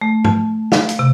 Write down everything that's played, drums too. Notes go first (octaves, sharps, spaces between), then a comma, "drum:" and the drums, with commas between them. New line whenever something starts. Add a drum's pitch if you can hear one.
A3
A5, drum: tom
F5, drum: snare
drum: hi-hat
C3